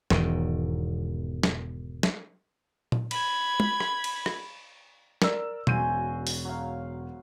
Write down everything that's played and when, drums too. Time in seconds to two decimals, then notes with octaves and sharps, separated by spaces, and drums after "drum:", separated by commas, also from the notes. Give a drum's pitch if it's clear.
0.10 E1 E2 G#2 D#3, drum: snare
1.43 drum: snare
2.03 drum: snare
2.92 drum: tom A#2
3.11 B5 G#6, drum: cymbal
3.60 drum: tom
3.80 drum: rim click
4.04 drum: cymbal
4.26 drum: rim click
5.22 A#4 D5 E6, drum: snare
5.67 E1 C#3 F#4 C5 G6 D#7, drum: tom B2
6.27 drum: open hi-hat
6.45 F#3 F5